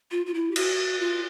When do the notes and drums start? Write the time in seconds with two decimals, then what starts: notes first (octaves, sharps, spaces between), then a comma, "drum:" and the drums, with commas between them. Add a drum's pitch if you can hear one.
0.11 F4
0.26 F4
0.34 E4
0.51 G4
0.56 F#4, drum: cymbal
1.00 F4